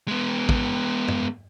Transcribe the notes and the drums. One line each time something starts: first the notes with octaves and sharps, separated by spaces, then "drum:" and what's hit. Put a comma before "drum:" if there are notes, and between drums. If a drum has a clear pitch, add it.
G#3 B3
drum: kick
drum: tom